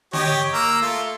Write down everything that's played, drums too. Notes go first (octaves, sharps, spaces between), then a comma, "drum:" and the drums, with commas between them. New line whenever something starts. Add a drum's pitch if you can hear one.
G4 C#5 D#5, drum: tom D3
A#3 A#5 E6
A3 F4